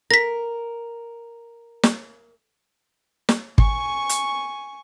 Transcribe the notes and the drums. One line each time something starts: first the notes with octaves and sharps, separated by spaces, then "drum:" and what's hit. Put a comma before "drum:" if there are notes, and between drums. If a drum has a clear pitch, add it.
A#4 A#6 B6
drum: snare
drum: snare
G#5 C#6, drum: kick
drum: hi-hat